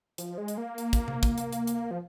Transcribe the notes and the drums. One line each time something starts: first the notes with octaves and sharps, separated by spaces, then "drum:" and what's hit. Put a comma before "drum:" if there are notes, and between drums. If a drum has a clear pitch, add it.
F3, drum: hi-hat
G#3
drum: hi-hat
A#3
drum: hi-hat
drum: kick, hi-hat
drum: tom C3
drum: kick, hi-hat
drum: hi-hat
drum: hi-hat
drum: hi-hat
F3